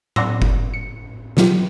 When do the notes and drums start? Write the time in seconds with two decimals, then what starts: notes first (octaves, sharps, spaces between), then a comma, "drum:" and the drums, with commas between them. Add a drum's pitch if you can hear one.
0.16 D5 F#5 A#5 C6 E6 A#6, drum: tom A2
0.42 drum: kick F#1
0.74 C#7
1.37 B2 F#3 F4 G4, drum: snare